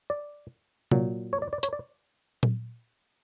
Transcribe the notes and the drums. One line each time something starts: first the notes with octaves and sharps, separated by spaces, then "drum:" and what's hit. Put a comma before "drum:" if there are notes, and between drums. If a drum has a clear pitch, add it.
D5
A#2 F#3, drum: tom C3
C#5
D5
D5
C#5, drum: hi-hat
D5
drum: tom A#2